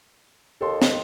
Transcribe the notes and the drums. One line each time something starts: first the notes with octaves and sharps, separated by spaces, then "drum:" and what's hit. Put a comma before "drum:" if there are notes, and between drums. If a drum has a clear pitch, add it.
D#2 A4 C6
drum: snare